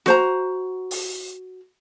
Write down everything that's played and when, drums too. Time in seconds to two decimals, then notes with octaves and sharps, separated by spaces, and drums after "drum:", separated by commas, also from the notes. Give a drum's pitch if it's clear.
0.06 F#4 C5 A#5, drum: snare
0.91 drum: open hi-hat